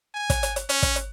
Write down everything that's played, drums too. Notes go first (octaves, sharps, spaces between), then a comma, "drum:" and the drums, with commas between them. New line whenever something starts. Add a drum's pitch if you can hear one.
G#5
drum: kick, hi-hat
drum: hi-hat
drum: hi-hat
C#4, drum: hi-hat
drum: kick, hi-hat
drum: hi-hat